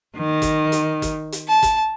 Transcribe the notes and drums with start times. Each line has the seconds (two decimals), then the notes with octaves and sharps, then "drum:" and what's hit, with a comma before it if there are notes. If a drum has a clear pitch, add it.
0.16 D#3
0.42 drum: kick, hi-hat
0.72 drum: hi-hat
1.02 drum: kick, hi-hat
1.32 drum: hi-hat
1.47 A5
1.63 drum: kick, hi-hat